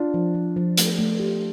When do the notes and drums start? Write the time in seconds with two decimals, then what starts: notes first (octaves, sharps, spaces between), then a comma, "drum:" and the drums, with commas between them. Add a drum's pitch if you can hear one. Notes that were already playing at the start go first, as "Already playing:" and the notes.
Already playing: D4 F4
0.14 F3
0.35 F3
0.57 F3
0.77 A3, drum: hi-hat
0.99 A3
1.20 G4